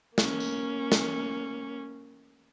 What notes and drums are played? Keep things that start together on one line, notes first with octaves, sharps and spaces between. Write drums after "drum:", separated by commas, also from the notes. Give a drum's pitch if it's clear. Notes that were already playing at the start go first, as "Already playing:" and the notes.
A#3 C#4, drum: snare
drum: tambourine
drum: snare